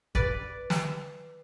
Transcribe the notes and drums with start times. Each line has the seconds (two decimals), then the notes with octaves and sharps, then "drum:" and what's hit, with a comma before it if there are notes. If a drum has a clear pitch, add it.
0.15 B4 D5, drum: kick
0.70 drum: snare